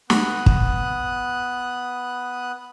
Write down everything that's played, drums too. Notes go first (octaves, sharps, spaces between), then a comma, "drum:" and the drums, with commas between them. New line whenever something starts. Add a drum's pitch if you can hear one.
B3 D#6 F#6, drum: snare
drum: kick